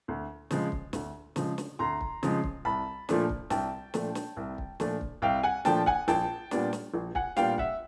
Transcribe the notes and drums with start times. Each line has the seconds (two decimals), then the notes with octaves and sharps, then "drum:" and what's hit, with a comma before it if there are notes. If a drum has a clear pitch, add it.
0.08 D2
0.51 C#3 F3 G#3, drum: snare
0.72 drum: kick
0.93 D2, drum: snare
1.36 C#3 F3 G#3, drum: snare
1.58 drum: snare
1.79 D2 A#5 C6
2.01 drum: kick
2.23 C#3 F3 G#3, drum: snare
2.44 drum: kick
2.65 C2 A5 B5
3.09 A#2 F3 A3 D4, drum: snare
3.29 drum: kick
3.50 C2 G5 A5, drum: snare
3.94 A#2 F3 A3 D4, drum: snare
4.15 drum: snare
4.37 C2
4.58 drum: kick
4.80 A#2 F3 A3 D4, drum: snare
5.01 drum: kick
5.22 C2 F5 G5
5.43 F#5 G#5
5.65 A#2 F3 A3 D4 G5 A5, drum: snare
5.86 F#5 G#5, drum: kick
6.08 A#1 G5 A5, drum: snare
6.51 A#2 G3 B3 D4, drum: snare
6.73 drum: snare
6.94 A#1
7.15 F#5 G#5, drum: kick
7.37 A#2 G3 B3 D4 F5 G5, drum: snare
7.58 E5 F#5, drum: kick